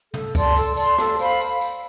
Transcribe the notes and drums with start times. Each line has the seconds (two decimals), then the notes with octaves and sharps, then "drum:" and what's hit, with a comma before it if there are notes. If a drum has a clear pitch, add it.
0.14 A4, drum: tom
0.35 D5 A5 C6, drum: kick C#2, tambourine
0.56 A4, drum: tambourine
0.77 D5 A5 C6, drum: tambourine
0.98 A4, drum: rim click
1.19 C5 F5 B5, drum: tambourine
1.40 drum: tambourine
1.61 drum: tambourine